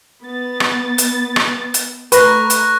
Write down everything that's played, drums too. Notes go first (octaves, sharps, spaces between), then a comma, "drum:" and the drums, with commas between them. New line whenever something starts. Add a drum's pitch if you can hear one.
B3 A6
drum: rim click
drum: hi-hat
drum: rim click
drum: hi-hat
A3 B4 A#5 C#6 F#6 A#6, drum: hi-hat
drum: hi-hat